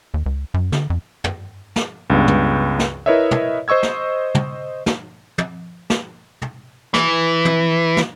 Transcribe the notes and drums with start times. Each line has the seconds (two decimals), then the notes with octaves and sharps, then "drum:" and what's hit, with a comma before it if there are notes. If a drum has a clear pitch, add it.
0.14 D#2
0.26 C#2
0.54 F#2
0.72 D3, drum: snare
0.90 F2
1.24 drum: tom
1.76 drum: snare
2.10 C#2 G2 B3
2.28 drum: tom
2.79 drum: snare
3.06 E4 A#4 B4 C#5 D#5 E5
3.31 drum: tom
3.68 C5 D#5 C#6 E6 G#6
3.83 drum: snare
4.35 drum: tom
4.86 drum: snare
5.38 drum: tom
5.90 drum: snare
6.42 drum: tom
6.94 E3, drum: snare
7.45 drum: tom
7.97 drum: snare